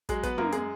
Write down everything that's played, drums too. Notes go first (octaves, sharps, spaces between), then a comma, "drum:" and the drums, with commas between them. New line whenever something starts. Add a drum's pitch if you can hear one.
F#3 G#3 G#4, drum: kick, hi-hat
B3 B4, drum: kick, hi-hat
F#2 A#3 A#4, drum: tom
G#3 G#4, drum: hi-hat